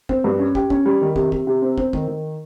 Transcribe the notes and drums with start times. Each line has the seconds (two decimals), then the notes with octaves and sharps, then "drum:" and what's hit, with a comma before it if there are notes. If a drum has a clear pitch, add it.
0.09 C4, drum: kick
0.24 G2
0.39 C#4
0.55 G4, drum: kick
0.70 C#4, drum: kick
0.86 G3
1.02 D#3
1.16 C3, drum: kick
1.32 C3, drum: kick
1.47 C3
1.62 C4
1.78 C4, drum: kick
1.93 D#3, drum: kick
2.08 D#3